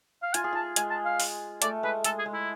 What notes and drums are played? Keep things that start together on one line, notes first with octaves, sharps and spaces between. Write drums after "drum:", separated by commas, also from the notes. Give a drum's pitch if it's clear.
F5
F4 G#5, drum: hi-hat
G#4
F4 A5
G#3 G#5, drum: hi-hat
A5
F5
drum: open hi-hat
A3 D5, drum: hi-hat
G#3 B4
G#3 A4, drum: hi-hat
G#4
G#3
E4